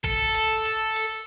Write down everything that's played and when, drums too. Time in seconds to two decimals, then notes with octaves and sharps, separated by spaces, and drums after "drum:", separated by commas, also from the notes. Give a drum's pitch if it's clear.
0.04 A4, drum: kick G#1
0.35 drum: hi-hat
0.65 drum: hi-hat
0.96 drum: hi-hat